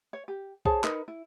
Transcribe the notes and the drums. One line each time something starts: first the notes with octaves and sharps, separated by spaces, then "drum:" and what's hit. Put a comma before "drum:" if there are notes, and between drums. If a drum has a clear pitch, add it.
C#5
G4
G#4 C5 C#5 A5, drum: kick B1
D#4 A#4 B4, drum: clap
E4